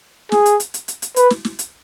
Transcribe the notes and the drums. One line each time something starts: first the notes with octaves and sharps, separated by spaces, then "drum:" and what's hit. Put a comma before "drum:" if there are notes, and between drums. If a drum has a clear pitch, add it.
G#4, drum: snare
drum: hi-hat
drum: hi-hat
drum: hi-hat
drum: hi-hat
drum: hi-hat
B4, drum: hi-hat
drum: snare
drum: snare
drum: hi-hat